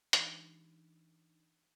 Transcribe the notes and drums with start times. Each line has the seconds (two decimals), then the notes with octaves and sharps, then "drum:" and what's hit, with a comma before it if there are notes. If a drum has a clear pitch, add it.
0.13 E3 D4 D#4, drum: hi-hat